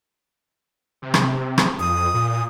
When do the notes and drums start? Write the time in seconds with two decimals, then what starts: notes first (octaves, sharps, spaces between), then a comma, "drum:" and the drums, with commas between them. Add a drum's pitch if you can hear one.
1.02 C3
1.14 drum: rim click
1.58 drum: rim click
1.80 F2 D#6
2.14 A#2